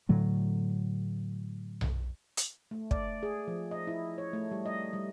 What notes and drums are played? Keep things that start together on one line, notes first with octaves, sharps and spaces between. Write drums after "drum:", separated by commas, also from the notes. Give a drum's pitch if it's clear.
A2 D3 F#3 A3
drum: tom B1
drum: hi-hat
A3
D5, drum: kick
G#4
F3
D#5
E4
C#5
A3
G3
D#5
G3